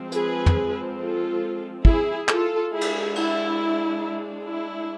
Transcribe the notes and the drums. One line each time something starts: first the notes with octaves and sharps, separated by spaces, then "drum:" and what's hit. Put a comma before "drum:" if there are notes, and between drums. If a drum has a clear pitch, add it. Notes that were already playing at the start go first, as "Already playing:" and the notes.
Already playing: F3 G#3 C4
G#4 B4, drum: hi-hat
drum: tom
F4 A4
E4 G#4, drum: kick
F4 A4, drum: clap
G#3 D4 E4 G#4
drum: cymbal
E4, drum: cymbal
E4